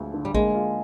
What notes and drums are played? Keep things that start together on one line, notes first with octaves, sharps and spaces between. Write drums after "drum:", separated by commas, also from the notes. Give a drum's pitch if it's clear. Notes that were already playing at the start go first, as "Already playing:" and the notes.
Already playing: D2 F3 G#3 D4
D3
G3
G#3 A#3, drum: kick A1
F4